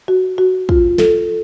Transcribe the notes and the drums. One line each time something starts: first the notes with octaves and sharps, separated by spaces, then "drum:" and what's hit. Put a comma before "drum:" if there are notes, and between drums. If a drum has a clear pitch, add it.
F#4
F#4
F4, drum: kick
A4, drum: snare